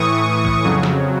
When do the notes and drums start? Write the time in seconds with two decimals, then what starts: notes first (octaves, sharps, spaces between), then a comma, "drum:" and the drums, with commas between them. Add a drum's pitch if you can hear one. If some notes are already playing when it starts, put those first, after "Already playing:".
Already playing: A2 E3 C#6 D#6
0.45 drum: kick
0.64 F2 C#3 F#3
0.83 drum: snare